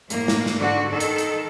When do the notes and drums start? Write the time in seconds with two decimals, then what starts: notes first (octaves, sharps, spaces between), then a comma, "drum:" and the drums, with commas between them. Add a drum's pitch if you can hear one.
0.10 A2 A#3, drum: hi-hat
0.28 drum: snare
0.46 drum: snare
0.56 G#2 D3 F#4
0.90 D#3 A4
1.00 drum: hi-hat
1.18 drum: hi-hat